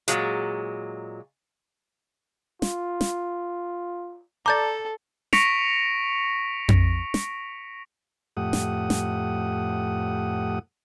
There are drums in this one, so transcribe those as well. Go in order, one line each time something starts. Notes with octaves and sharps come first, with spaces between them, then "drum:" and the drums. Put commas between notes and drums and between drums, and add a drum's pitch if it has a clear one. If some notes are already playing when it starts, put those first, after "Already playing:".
A#2 F#3 G#3, drum: hi-hat
F4, drum: snare
drum: snare
A4 D5 A5 A#5 D6 G6 A6
C#6 A#6 B6 C#7 D7 F7, drum: snare
drum: tom F2
drum: snare
F2 A2 A3 G4 F#5 D#6
drum: snare
drum: snare